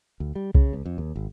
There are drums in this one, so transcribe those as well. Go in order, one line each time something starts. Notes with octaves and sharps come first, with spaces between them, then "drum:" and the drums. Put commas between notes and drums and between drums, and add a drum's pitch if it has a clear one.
D2
G3
C#3, drum: kick C2
C#2
F2
D#2
G#1